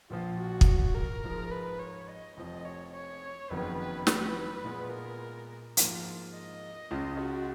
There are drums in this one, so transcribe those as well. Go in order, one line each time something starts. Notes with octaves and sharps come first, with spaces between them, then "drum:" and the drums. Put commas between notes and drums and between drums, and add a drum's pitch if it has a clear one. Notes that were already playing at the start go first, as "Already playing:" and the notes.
A#1 A#2 F3 F4
F#4
drum: kick
A#4
G#2 F3 G#3
B4
C#5
D#5
F1 F2 F3 D#5
C#5
C#5
F#1 F2 D#3 F#3 B3 B4
B4
B4, drum: snare
A#2 G#3 B3 F4
A#4
G#2 F3 A#3 F4, drum: hi-hat
D#5
C#2 C#3 G#3 C#4 F4
F#4